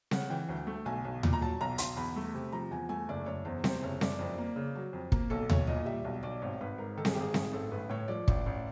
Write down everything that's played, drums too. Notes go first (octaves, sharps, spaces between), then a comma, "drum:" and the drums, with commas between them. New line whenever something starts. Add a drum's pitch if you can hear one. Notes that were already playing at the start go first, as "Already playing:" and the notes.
C#3 F#5, drum: snare C4
E3 G5
D2
A3
B1 G#5
B1
A#2, drum: tom D#2
A#5
F#3 A5
B1 A#5
B1 C6, drum: hi-hat
E2 B5
A3
C3
F3 A#5
E2 G#5
A3 G#5
F#1 D5
F#1 C#5
E2 C5
C3 C5, drum: snare C4
F#1 C#5
F#1 D5, drum: snare C4
F2
A#3
C#3
F#3
F2
A#3, drum: kick
B1 A4
B1 C#5, drum: tom D#2
A#2 D#5
G3 E5
B1
B1 D5
G#1 C#5
G#1 B4
G#2 A#4
D#3 A4
G#4, drum: snare C4
G4
G#1 G#4
G#1, drum: snare C4
A1 A4
A1 B4
A2 C#5
F3 D5
A1, drum: kick
A1